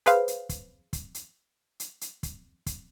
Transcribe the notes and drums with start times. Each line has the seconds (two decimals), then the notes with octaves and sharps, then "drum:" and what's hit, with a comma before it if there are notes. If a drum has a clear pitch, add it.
0.06 G#4 B4 C5 F5, drum: hi-hat
0.28 drum: hi-hat
0.49 drum: kick, hi-hat
0.93 drum: kick, hi-hat
1.15 drum: hi-hat
1.80 drum: hi-hat
2.01 drum: hi-hat
2.23 drum: kick, hi-hat
2.66 drum: kick, hi-hat